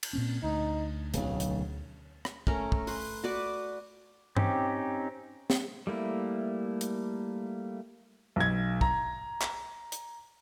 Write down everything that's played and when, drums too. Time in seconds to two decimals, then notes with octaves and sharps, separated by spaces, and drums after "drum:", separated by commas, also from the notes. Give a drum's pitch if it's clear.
0.03 drum: cymbal
0.13 A#2 C4 C#4
0.43 D2 D#4
1.14 D1 B1 C#3, drum: hi-hat
1.40 drum: hi-hat
2.25 drum: rim click
2.47 A3 C#4 A#4, drum: kick
2.72 drum: kick
2.87 B4 C6, drum: open hi-hat
3.24 F#4 B4 D5
4.37 C4 C#4 D#4 G4, drum: tom G2
5.50 drum: snare
5.87 G3 A3 A#3 E4
6.81 drum: hi-hat
8.36 B1 G#6
8.81 A#5, drum: kick
9.41 drum: clap
9.92 drum: hi-hat